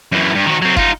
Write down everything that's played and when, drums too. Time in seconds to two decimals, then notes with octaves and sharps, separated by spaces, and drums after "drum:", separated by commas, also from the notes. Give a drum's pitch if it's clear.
0.12 F#2 E3
0.35 G2
0.46 D#3 F#4
0.62 F#3 C4
0.77 D#4 F4, drum: kick